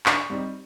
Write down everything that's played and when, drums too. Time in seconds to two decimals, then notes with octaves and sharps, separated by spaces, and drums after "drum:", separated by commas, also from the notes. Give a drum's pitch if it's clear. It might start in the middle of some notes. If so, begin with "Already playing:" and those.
0.06 D3 C#6, drum: clap
0.30 G3 C4 D#4